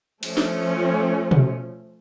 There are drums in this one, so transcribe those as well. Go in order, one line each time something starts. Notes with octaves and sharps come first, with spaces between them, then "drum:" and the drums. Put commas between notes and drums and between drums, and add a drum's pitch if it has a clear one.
F3 A3 C#4 F4, drum: cymbal
drum: snare
drum: tom B2